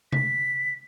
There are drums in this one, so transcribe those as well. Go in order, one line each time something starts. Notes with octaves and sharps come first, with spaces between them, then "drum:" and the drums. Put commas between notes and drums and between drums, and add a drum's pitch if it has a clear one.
B6, drum: tom C3